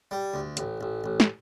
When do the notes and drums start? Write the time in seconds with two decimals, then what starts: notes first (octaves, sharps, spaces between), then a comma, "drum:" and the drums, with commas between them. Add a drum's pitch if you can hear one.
0.11 G3
0.34 D2
0.57 A1, drum: hi-hat
0.81 A1
1.04 A1
1.20 drum: snare